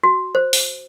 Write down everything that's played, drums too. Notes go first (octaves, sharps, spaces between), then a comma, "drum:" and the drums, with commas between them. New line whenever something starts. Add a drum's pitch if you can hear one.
F#4
C5
drum: open hi-hat